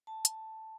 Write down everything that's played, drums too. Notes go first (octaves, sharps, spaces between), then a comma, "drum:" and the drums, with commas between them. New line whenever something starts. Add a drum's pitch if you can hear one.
A5
drum: hi-hat